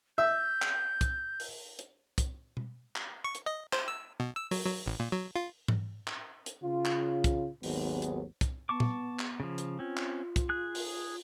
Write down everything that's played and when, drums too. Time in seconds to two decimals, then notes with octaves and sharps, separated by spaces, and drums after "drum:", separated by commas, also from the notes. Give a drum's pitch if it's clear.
0.18 E5 G6
0.62 drum: clap
1.01 drum: kick, hi-hat
1.40 drum: open hi-hat
1.79 drum: hi-hat
2.18 drum: kick, hi-hat
2.57 drum: tom B2
2.96 drum: clap
3.24 C#6
3.35 drum: hi-hat
3.46 D#5
3.73 C5, drum: clap
3.88 E6
4.20 B2
4.36 E6
4.51 F#3, drum: open hi-hat
4.66 F#3
4.86 A1
5.00 A#2
5.12 F#3
5.36 F4
5.68 drum: tom G#2
6.07 drum: clap
6.46 drum: hi-hat
6.63 C#3 F4
6.85 drum: clap
7.24 drum: kick, hi-hat
7.63 G#1 D#2 F#3 G#3 B3, drum: open hi-hat
8.02 drum: hi-hat
8.41 drum: kick, hi-hat
8.69 B3 A5 C#6 D6
8.80 drum: tom A#2
9.19 drum: clap
9.40 C#3 F3
9.58 drum: hi-hat
9.79 C4 C#4 F4
9.97 drum: clap
10.36 drum: kick, hi-hat
10.49 G#4 F#6
10.75 drum: open hi-hat